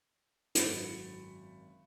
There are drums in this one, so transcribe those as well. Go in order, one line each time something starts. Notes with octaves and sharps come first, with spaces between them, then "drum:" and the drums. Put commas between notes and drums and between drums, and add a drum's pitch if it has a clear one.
G#1 F#2 F#4 B5 A6 C#7, drum: hi-hat